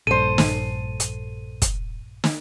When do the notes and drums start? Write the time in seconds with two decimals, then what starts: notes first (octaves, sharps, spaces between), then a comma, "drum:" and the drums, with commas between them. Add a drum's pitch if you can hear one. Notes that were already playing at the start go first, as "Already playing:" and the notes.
0.07 A#1 G2 A4 C5 D#7
0.38 drum: snare
1.00 drum: hi-hat
1.62 drum: kick, hi-hat
2.24 drum: snare